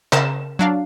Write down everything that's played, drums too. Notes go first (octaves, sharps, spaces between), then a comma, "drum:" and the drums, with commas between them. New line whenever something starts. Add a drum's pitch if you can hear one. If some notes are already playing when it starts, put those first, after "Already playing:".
C#3 A#4 E7, drum: clap
F#3 D4 F5